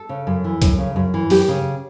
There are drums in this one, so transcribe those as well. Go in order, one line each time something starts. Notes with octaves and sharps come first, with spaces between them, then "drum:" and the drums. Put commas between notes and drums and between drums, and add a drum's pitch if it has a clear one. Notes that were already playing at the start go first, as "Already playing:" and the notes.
Already playing: A4
C#3
F#2
E3
F#2, drum: kick C#2, hi-hat
C#3
F#2
E3
F#2 G4, drum: open hi-hat
C#3